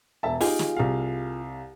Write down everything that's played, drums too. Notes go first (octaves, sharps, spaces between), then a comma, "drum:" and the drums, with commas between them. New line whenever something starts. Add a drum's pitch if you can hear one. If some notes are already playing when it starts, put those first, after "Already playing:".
E1 E5 A5
D#4 F4 G4 G#4, drum: open hi-hat
drum: snare
C2 F5